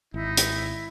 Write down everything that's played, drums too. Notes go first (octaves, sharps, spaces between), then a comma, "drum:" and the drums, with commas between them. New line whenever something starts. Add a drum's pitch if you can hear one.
G#1 D#4 E4
drum: hi-hat